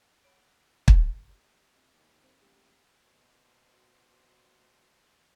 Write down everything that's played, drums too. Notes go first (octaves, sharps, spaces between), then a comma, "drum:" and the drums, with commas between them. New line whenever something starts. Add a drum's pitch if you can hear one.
C#5 F#5 B5 D7
drum: kick
A#1 G4
C3
D#2
A#3 C4 D#4
A1 A#3 G4
B2 F#4 C5